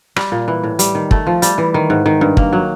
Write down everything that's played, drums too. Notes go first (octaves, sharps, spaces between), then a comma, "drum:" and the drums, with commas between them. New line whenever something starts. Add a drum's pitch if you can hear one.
G3, drum: rim click
A#2
E3
A2
G3, drum: hi-hat
D#3
A3, drum: kick
F3
G3, drum: hi-hat
E3
D#3
G#2
D#3
G2
A#3, drum: kick
F#3